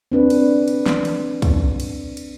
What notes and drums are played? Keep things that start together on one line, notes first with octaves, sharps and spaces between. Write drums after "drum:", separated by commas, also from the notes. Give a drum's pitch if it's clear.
C4 D4 B4
drum: cymbal
drum: cymbal
drum: snare
drum: cymbal
drum: kick, cymbal
drum: cymbal
drum: cymbal